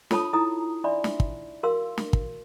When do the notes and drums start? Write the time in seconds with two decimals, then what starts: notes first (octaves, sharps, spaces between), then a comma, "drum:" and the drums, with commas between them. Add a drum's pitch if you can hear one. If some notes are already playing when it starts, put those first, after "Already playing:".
0.11 F4 A4 C#5 A5 B5 D#6, drum: snare
0.33 D#4 E4 A4 A#5 D#6
0.84 D4 D5 E5 B5 C6
1.04 drum: snare
1.20 drum: kick
1.63 F#4 A#4 F5 C6 E6
1.98 drum: snare
2.13 drum: kick